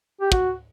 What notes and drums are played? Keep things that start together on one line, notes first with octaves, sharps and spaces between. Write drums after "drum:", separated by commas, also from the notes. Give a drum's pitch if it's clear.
G4
F#4, drum: kick